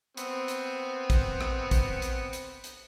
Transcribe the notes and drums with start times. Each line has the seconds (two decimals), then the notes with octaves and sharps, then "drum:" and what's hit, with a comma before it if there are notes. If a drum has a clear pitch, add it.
0.17 B3 C4, drum: hi-hat
0.48 drum: hi-hat
1.10 drum: kick, hi-hat
1.41 drum: rim click
1.71 drum: kick, hi-hat
2.02 drum: hi-hat
2.33 drum: hi-hat
2.64 drum: hi-hat